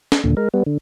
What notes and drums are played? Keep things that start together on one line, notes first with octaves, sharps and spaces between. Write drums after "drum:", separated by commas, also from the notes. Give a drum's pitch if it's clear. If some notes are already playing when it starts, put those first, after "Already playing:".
drum: snare
D#2 A#2 D3
G#3 A#4
G3 B3
D3